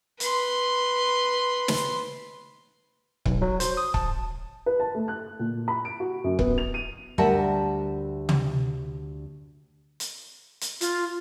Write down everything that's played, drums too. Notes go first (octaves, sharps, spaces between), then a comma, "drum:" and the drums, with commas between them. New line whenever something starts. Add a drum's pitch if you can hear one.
B4 C6, drum: hi-hat
drum: snare
B1, drum: kick C#1
F#3
C5, drum: hi-hat
D#6
A5, drum: kick C#1
B4
A5
A3
F#6
A#2
B5
D7
F#4
F#2
B3, drum: kick C#1
F7
D#7
D2 G3 A#4 E5 F#5 A5
drum: tom
drum: hi-hat
drum: hi-hat
F4, drum: hi-hat